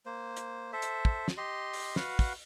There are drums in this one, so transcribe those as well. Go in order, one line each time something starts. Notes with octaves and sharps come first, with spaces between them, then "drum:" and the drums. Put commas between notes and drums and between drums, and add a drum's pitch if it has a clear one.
A#3 C5
drum: hi-hat
A4 C5 E5
drum: hi-hat
drum: kick
drum: snare
G4 D#5 C6
drum: open hi-hat
F#4 B4 F5 F#5, drum: snare
drum: kick, open hi-hat